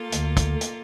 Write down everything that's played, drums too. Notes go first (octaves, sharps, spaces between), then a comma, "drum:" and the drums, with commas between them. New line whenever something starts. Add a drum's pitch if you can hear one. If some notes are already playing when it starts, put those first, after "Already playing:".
Already playing: A#3 F4 A4
D2 D3, drum: hi-hat
drum: kick, hi-hat
drum: hi-hat